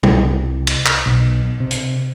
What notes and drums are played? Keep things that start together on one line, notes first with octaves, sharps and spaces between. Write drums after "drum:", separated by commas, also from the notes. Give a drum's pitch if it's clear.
C2, drum: tom
drum: cymbal
drum: clap
B1
C3
drum: hi-hat